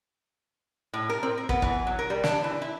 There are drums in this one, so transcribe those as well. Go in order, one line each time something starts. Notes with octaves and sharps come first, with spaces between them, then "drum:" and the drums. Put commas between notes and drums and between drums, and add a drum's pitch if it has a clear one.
A2
A#4
C4
A#4
B3, drum: kick
E3, drum: kick
F#3
A#4
G3
D4, drum: snare
E3
E4